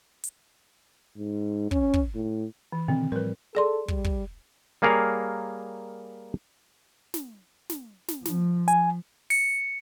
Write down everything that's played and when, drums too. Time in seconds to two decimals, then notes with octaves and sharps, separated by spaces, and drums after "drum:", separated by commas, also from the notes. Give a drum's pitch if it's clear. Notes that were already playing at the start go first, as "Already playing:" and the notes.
0.24 drum: hi-hat
1.18 G#2
1.71 C#4, drum: kick
1.94 drum: kick
2.15 A2
2.72 E3
2.88 B2 D3 D#3 C4
3.12 A2 F3 G3 A#4 B4
3.55 G#4 A4 D5 C6
3.88 G3, drum: kick
4.04 drum: kick
4.82 G3 A#3 G#4 A#4 C#5 F5
7.14 drum: snare
7.70 drum: snare
8.08 drum: snare
8.25 F3, drum: snare
8.68 G#5, drum: hi-hat
9.30 C#7, drum: open hi-hat